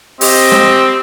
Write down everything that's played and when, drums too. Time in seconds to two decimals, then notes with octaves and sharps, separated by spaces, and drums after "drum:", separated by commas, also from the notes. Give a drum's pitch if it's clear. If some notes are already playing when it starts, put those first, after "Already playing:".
0.21 C4 G4 D#5, drum: open hi-hat
0.52 drum: snare